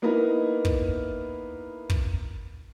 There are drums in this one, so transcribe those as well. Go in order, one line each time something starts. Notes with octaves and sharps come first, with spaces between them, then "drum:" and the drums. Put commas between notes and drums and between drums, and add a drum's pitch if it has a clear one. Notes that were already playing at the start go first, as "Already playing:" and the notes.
A#3 B3 D#4 E4 A#4
drum: kick
drum: kick